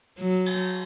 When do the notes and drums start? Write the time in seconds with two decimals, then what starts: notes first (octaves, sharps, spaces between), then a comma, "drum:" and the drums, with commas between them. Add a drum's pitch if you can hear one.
0.19 F#3
0.46 drum: cymbal